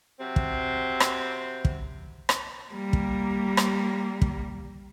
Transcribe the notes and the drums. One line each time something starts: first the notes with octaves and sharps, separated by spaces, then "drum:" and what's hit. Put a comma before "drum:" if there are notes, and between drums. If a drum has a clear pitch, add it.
C3 F#3 C4
drum: kick
drum: rim click
drum: kick
drum: rim click
G3 A#3
drum: kick
drum: rim click
drum: kick